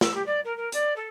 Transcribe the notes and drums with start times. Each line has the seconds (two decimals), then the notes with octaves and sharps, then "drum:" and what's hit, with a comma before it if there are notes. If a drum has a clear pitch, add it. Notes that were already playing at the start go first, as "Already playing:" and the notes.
0.01 E6, drum: snare
0.13 G4
0.26 D5
0.44 A#4
0.56 A#4
0.72 D5, drum: hi-hat
0.96 A4